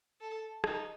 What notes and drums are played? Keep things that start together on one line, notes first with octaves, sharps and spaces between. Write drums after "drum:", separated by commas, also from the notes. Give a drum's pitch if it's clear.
A4
D#4, drum: rim click